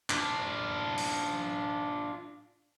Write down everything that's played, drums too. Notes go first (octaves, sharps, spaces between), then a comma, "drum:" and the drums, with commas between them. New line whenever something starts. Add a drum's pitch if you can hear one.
D4 F4, drum: clap
drum: open hi-hat